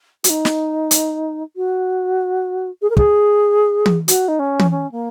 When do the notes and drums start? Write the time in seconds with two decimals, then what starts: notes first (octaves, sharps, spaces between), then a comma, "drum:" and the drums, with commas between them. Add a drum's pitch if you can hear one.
0.24 F#4, drum: hi-hat
0.30 D#4
0.45 drum: snare
0.91 drum: hi-hat
1.56 F#4
2.82 G#4
2.90 A#4
2.97 G#4, drum: kick
3.86 drum: tom
4.08 F#4, drum: hi-hat
4.28 D#4
4.39 C#4
4.59 drum: tom
4.71 C#4
4.92 A#3